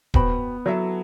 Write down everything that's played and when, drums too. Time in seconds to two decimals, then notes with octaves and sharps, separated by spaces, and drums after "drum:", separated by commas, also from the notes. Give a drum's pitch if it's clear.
0.14 B3 F#4 C5 G5 B5, drum: kick D#1
0.65 F#3 E4 A4 E5 A5